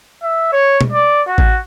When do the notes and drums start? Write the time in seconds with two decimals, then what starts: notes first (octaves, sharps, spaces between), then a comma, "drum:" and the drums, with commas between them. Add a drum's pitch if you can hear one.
0.23 E5
0.53 C#5
0.81 drum: tom B2
0.93 D5
1.27 F#4
1.38 drum: kick A1